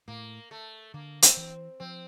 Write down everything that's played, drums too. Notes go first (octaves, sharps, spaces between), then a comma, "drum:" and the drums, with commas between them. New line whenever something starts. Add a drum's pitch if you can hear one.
A2 A#3
A3
D3 A#3
C4, drum: hi-hat
E3
F3 C4